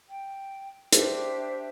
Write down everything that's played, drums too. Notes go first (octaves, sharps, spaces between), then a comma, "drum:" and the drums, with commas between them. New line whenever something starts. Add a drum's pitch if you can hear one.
G5
D4 G4 C5 E5, drum: hi-hat